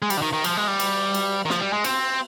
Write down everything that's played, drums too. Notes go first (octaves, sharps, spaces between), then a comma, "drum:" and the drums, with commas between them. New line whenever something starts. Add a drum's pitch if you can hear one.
G#3
G3, drum: cymbal
D3
D#3
D#3
F3, drum: cymbal
G#3
G3
drum: cymbal
drum: cymbal
D#3
F3, drum: snare
G3
G#3
C4, drum: cymbal